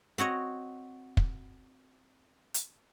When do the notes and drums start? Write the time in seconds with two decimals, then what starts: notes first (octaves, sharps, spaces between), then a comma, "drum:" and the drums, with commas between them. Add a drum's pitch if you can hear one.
0.18 C4 F#4 C#5 D#5
1.17 drum: kick
2.54 drum: hi-hat